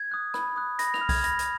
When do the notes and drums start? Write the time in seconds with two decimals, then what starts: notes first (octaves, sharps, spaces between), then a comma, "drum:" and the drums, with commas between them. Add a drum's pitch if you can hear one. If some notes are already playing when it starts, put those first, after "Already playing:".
Already playing: G#6
0.12 D#6 F#6
0.34 B5, drum: rim click
0.56 D#6 F#6
0.79 B5 A#6, drum: hi-hat
0.94 F7, drum: rim click
1.01 F6
1.09 G#6, drum: kick B1, open hi-hat
1.24 B5 A#6, drum: hi-hat
1.39 drum: hi-hat